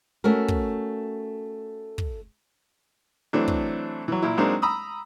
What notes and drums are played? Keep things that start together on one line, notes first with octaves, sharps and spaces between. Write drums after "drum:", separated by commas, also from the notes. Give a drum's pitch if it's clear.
A3 C#4 F#4 A#4
drum: kick
drum: kick
E3 F#3 A3 C4 D4
drum: kick
E3 F#3
A#2 E4
F#3 G#3 A#3 C4 D4 D#4
A#5 B5 D#6 E6